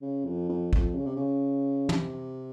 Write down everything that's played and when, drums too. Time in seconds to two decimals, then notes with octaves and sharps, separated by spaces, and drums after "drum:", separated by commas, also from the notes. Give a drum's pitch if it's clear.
0.02 C#3
0.25 F2
0.49 F2
0.73 F2, drum: kick
0.95 C#3
1.06 C3
1.16 C#3
1.89 C3, drum: tom